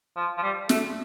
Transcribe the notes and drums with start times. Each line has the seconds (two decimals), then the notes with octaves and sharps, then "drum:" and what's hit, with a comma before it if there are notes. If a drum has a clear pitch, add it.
0.16 F3
0.38 F3
0.42 G3
0.69 A3, drum: snare